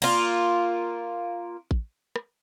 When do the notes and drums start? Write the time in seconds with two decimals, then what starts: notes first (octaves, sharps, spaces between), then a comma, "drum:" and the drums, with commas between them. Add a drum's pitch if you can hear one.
0.02 A#3 F4, drum: cymbal
1.71 drum: kick A1
2.16 drum: rim click